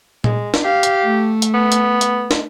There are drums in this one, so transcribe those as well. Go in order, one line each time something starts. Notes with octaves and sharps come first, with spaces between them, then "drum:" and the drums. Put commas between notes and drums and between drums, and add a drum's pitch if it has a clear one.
G#3, drum: tom A#2
drum: snare
G4 F5
drum: hi-hat
A3
drum: hi-hat
B3
drum: hi-hat
drum: hi-hat
drum: snare